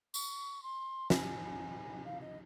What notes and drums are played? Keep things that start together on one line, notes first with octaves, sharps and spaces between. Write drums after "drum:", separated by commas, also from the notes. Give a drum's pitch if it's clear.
C#6, drum: tambourine
C6
G#5, drum: snare
F5
D#5